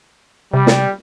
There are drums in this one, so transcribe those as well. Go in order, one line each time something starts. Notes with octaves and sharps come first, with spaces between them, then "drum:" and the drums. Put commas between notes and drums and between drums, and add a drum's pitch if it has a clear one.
C3 G3
drum: snare